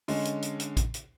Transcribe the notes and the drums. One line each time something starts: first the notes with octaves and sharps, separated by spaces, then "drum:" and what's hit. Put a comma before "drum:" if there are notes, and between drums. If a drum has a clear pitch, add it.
D3 G#3 C#4, drum: open hi-hat
drum: hi-hat
drum: hi-hat
drum: hi-hat
drum: kick A1, hi-hat
drum: hi-hat